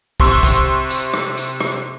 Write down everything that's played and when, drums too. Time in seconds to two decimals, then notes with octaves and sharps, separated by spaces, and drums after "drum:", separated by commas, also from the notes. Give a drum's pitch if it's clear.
0.20 C3 C6 C#6 E6, drum: kick
0.43 drum: kick, hi-hat
0.90 drum: hi-hat
1.14 drum: rim click
1.37 drum: hi-hat
1.61 drum: rim click